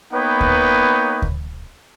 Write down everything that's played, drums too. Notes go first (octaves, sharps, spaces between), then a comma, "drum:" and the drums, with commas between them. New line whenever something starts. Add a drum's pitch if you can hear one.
A#3 B3 D#4 B4 C#5 G5
drum: kick D2
drum: kick D2